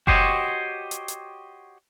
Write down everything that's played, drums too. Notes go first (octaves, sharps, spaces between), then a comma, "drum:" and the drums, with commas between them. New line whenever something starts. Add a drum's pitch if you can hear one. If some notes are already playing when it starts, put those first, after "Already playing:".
F#4 G4 C5 C#5 D#5, drum: kick F#1
drum: hi-hat
drum: hi-hat